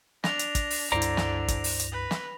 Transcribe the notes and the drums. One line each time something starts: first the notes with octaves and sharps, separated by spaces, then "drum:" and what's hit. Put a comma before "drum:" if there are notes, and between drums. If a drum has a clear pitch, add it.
D4 A#6 F7, drum: snare
drum: hi-hat
drum: kick, hi-hat
drum: open hi-hat
C#2 G2 D3 E4 C5 D5 A#5
drum: hi-hat
drum: snare
drum: kick, hi-hat
drum: open hi-hat
drum: hi-hat
B4
drum: snare